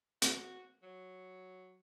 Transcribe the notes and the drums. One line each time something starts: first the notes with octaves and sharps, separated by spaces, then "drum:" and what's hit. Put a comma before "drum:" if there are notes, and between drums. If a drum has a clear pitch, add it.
F#4, drum: hi-hat
F#3